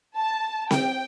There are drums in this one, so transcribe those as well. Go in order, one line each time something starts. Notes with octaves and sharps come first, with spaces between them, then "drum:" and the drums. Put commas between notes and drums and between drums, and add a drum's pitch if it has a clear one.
A5
G5, drum: snare C4